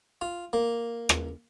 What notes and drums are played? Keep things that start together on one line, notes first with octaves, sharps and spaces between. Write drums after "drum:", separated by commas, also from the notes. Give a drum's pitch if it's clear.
F4
A#3
drum: rim click